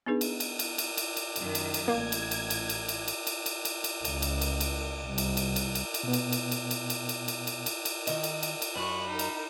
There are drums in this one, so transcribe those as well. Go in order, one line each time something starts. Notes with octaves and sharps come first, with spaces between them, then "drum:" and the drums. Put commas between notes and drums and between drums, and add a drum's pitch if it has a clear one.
B3 D4 D#4 G#4 B4
drum: cymbal
drum: cymbal
drum: cymbal
drum: cymbal
drum: cymbal
drum: cymbal
F#2 D#3, drum: cymbal
drum: cymbal
drum: cymbal
A1 A#3 G#6
drum: cymbal
drum: cymbal
drum: cymbal
drum: cymbal
drum: cymbal
drum: cymbal
drum: cymbal
drum: cymbal
drum: cymbal
drum: cymbal
C#2, drum: cymbal
drum: cymbal
drum: cymbal
drum: cymbal
C2
drum: cymbal
drum: cymbal
drum: cymbal
drum: cymbal
drum: cymbal
B2 B3
drum: cymbal
drum: cymbal
drum: cymbal
drum: cymbal
drum: cymbal
drum: cymbal
drum: cymbal
drum: cymbal
drum: cymbal
drum: cymbal
D#3 D#5, drum: cymbal
drum: cymbal
drum: cymbal
drum: cymbal
F#2 B5 C#6 F#6
D#4 A#4
drum: cymbal